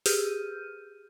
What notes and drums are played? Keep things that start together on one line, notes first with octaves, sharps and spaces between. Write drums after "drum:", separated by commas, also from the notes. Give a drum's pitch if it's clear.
G4 G#4 F6 G6 D#7, drum: open hi-hat